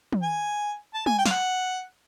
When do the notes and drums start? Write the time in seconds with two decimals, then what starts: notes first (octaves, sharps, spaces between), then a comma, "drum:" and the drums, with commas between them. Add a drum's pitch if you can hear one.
0.13 drum: tom
0.23 G#5
0.94 A5
1.06 G#5, drum: tom
1.18 G5
1.26 F5, drum: snare
1.31 F#5